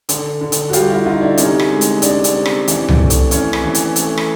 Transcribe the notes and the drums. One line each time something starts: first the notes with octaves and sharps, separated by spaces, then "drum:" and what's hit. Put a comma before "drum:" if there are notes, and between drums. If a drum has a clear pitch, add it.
D3, drum: hi-hat
D3
drum: hi-hat
F#4
G3 F4 G4, drum: hi-hat
E4 F#4
D3 D#4 F4
D4 E4
C3 C#4 D#4, drum: hi-hat
drum: rim click
G#3
drum: hi-hat
C3 D4, drum: hi-hat
drum: hi-hat
C3
drum: rim click
E3, drum: hi-hat
drum: tom C2
A3
drum: hi-hat
E3 C#4, drum: hi-hat
drum: rim click
E3
drum: hi-hat
A3, drum: hi-hat
drum: rim click